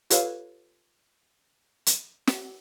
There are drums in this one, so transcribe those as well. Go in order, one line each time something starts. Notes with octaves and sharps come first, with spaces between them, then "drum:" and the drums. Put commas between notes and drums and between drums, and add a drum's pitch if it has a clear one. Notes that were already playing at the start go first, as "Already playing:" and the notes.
F4 G4 A4 B4 C#5 F5, drum: hi-hat
drum: hi-hat
drum: snare